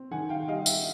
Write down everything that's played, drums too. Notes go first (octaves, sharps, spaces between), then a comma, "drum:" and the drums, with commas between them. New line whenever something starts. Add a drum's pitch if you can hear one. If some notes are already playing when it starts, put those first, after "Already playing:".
Already playing: C4
D#3 F#5 G#5
F5 G5
G3 D#5 F5
E5 F#5, drum: tambourine